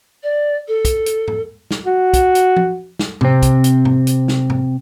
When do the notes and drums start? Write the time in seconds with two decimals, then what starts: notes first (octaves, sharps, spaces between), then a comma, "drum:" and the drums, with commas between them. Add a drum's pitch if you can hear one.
0.23 D5
0.67 A4
0.85 drum: kick, hi-hat
1.06 drum: hi-hat
1.28 drum: tom G#2
1.71 drum: snare
1.86 F#4
2.14 drum: kick, hi-hat
2.35 drum: hi-hat
2.56 drum: tom F3
2.99 drum: snare
3.21 C3 C4, drum: tom G#2
3.42 drum: kick, hi-hat
3.64 drum: hi-hat
3.85 drum: tom G#2
4.07 drum: hi-hat
4.28 drum: snare
4.50 drum: tom G#2